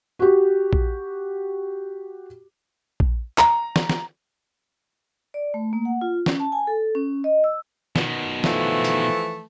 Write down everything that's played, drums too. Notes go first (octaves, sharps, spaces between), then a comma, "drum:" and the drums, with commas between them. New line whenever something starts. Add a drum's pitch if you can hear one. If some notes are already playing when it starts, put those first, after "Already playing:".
F#4 G4
drum: kick A#1
drum: kick A#1
A#5, drum: clap
drum: snare
drum: snare
D5
A3
A#3
F#5
F4
C#4, drum: snare
A5
G#5
A4
C#4
D#5
E6
B2 D#3, drum: snare
E3 F3 A3, drum: snare
drum: hi-hat